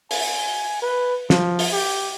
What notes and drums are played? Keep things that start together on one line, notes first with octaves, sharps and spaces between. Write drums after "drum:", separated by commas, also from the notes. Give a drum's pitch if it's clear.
G#5, drum: open hi-hat
B4
F3, drum: snare
drum: open hi-hat
G4